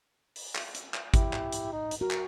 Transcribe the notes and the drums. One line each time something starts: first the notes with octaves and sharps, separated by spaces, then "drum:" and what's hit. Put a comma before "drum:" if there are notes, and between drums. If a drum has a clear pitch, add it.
drum: open hi-hat
drum: clap
drum: hi-hat
drum: clap
E4 G4, drum: kick G#1, hi-hat
drum: clap
drum: hi-hat
D#4
drum: hi-hat
F#4 A#4
drum: clap